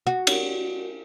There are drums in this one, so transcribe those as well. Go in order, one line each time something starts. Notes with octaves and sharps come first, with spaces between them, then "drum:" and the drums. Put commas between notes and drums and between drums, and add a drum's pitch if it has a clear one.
F#4
drum: cymbal